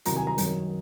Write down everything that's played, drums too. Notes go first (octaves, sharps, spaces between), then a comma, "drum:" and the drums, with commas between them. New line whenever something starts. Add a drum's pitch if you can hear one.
C2 C3 D#3 F#3 A#5, drum: hi-hat
G#5
A#5
F#2 D#3 F#3, drum: hi-hat